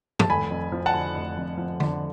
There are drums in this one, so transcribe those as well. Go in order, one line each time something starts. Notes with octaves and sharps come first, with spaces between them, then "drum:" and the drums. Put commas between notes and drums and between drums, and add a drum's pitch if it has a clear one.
A5, drum: tom
F1 G#5 B5
F2
F3
F#5 A5
D3
F1
F2
F3
D3, drum: tom D3